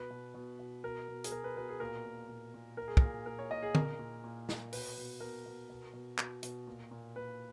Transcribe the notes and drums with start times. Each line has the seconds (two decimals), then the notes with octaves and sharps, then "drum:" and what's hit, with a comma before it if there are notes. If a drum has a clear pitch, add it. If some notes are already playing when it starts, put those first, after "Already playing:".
Already playing: B2 B4
0.11 B2
0.34 B2
0.60 B2
0.84 B2 A#4
1.08 B2
1.24 G#4, drum: hi-hat
1.32 B2 A#4
1.44 B4
1.57 B2 B4
1.69 G#4
1.80 A#2 A#4
2.06 A#2
2.29 A#2
2.54 A#2
2.77 A#2 A#4
2.88 G#4
2.97 A#2 A#4, drum: kick
3.26 A#2 A#4
3.39 C#5
3.51 A#2 D#5
3.63 G#4
3.75 A#2 A#4, drum: tom D3
3.99 A#2
4.24 A#2
4.49 A#2, drum: snare
4.73 B2 B4, drum: open hi-hat
4.97 B2
5.20 B2 A#4
5.46 B2
5.70 B2
5.93 B2
6.18 B2, drum: clap
6.43 B2, drum: hi-hat
6.67 A#2
6.91 A#2
7.16 A#2 B4